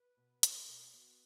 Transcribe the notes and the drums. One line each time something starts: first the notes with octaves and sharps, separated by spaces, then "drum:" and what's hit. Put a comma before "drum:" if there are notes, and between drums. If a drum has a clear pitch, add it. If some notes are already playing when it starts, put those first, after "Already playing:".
Already playing: B4
B2
C4 A#4, drum: hi-hat
B2
B3 F#4